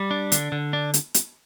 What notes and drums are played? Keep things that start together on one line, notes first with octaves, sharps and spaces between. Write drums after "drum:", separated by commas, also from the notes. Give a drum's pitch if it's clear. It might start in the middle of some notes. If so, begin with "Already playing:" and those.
Already playing: G3
D4
D3, drum: hi-hat
D3
D4
drum: hi-hat
drum: hi-hat